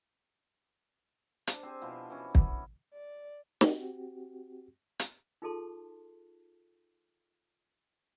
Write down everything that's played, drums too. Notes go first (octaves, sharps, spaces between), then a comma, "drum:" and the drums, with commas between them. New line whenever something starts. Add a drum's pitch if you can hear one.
D4 C5, drum: hi-hat
C4 G4 C5 G#5
B2 F3 E4 C6
E3 C#4 F#4
B3, drum: kick
D5
C4 F#4 G4, drum: snare
drum: hi-hat
D#4 F4 G#4 A4 A5 C6